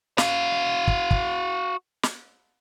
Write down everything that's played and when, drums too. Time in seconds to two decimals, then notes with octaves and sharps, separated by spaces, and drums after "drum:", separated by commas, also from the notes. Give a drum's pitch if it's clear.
0.18 F#4 F5, drum: snare
0.88 drum: kick
1.11 drum: kick
2.03 drum: snare